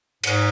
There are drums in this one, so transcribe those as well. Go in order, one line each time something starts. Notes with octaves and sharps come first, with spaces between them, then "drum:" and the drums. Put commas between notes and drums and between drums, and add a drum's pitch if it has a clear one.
G#2, drum: cymbal